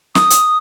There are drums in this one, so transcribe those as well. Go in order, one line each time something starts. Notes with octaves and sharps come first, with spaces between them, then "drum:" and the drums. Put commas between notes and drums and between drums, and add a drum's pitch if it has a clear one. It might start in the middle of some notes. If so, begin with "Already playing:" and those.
D#6, drum: snare
drum: hi-hat